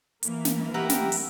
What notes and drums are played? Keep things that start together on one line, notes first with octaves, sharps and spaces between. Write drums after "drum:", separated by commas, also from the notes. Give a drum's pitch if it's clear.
E3 A#3, drum: hi-hat
drum: snare
G4 A#4 B4 E5 F#5 A#5
drum: snare
drum: open hi-hat